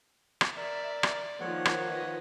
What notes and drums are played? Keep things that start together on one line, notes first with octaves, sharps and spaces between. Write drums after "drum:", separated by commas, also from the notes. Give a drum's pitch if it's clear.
drum: rim click
A#4 D5 E5
drum: rim click
D#3 F3 A#3 C#5 F#5
drum: rim click
B4 D#5